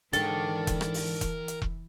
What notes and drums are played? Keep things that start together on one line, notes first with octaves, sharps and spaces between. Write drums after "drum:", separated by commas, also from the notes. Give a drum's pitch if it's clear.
G#2 D3 E3 A4 A#4 D5 G5, drum: hi-hat
drum: kick E1, hi-hat
drum: rim click
drum: open hi-hat
drum: kick E1, hi-hat
drum: hi-hat
drum: kick E1